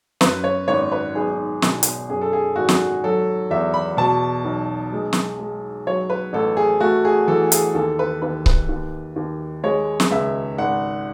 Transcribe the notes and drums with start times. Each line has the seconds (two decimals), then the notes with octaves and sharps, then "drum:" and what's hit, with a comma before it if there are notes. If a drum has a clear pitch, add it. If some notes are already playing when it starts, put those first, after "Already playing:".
0.21 F#2 B4, drum: snare
0.44 C#5
0.68 G#1 C#5
0.92 B4
1.15 B1 G#4
1.62 B2, drum: snare
1.83 drum: hi-hat
2.10 F#2 G#4
2.21 A4
2.33 G#4
2.56 G#1 F#4
2.69 drum: snare
3.03 F#3 A4
3.50 E2 E5
3.74 B5
3.97 B2 A5
4.45 B1
4.93 G#3
5.13 drum: snare
5.39 G#3
5.87 F#3 C#5
6.10 B4
6.33 A1 A4
6.57 G#4
6.80 A3 F#4
7.05 G#4
7.28 E3 A4
7.52 G#4, drum: hi-hat
7.75 D#2 A4
7.99 B4
8.22 D#2 B4
8.46 B4, drum: kick C#1
8.69 D#2
9.16 D#2
9.63 G#3 C#5
10.00 drum: snare
10.11 C#2 E5
10.58 G#1 F#5